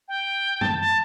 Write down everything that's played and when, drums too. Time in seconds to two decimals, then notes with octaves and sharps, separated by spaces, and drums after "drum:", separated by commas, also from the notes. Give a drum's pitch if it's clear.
0.08 G5
0.61 A5, drum: tom F#2
0.79 A5